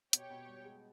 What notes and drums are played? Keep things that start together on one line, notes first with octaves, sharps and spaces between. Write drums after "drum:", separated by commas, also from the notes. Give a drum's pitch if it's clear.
B2 G4 C#5 G5, drum: hi-hat
B2
G3
G#3